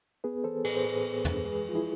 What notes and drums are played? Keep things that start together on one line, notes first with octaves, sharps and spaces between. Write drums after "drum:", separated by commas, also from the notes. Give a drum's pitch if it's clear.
B3 G#4 B4
E3 A4 C5
A2 G#4 B4, drum: cymbal
C5
A2 G#4 B4
B3
E3, drum: tom
G#3 G#4 B4
F3 F4
E4 G#4